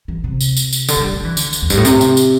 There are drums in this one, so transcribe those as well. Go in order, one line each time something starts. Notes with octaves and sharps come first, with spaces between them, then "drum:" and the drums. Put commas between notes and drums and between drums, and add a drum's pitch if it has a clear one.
E3
C3
drum: tambourine
drum: tambourine
drum: tambourine
D3, drum: tambourine
A3
G3
A3
E3
D3, drum: tambourine
drum: tambourine
E2
G2, drum: tambourine
A2
C3, drum: tambourine
drum: tambourine
drum: tambourine